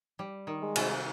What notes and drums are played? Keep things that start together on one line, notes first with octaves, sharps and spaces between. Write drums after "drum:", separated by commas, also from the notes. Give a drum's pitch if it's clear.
G3
D#3
G#3
C3, drum: cymbal